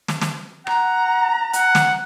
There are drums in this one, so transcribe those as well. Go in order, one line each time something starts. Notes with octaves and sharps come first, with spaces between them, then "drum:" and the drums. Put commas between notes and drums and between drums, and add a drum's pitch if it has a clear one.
drum: snare
drum: snare
F#5 A#5, drum: rim click
F#5, drum: hi-hat
drum: snare